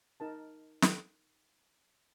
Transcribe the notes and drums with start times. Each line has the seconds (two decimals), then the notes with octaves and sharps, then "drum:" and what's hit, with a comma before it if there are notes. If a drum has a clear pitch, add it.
0.20 D#4 A#4 A5
0.82 drum: snare